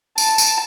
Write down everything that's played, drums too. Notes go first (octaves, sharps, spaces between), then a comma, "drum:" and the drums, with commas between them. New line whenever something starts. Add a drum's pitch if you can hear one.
A5, drum: tambourine
drum: tambourine